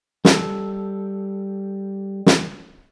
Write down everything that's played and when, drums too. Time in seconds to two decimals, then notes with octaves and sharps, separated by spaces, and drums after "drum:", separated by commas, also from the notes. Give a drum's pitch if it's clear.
0.25 G3 A4, drum: snare
2.26 drum: snare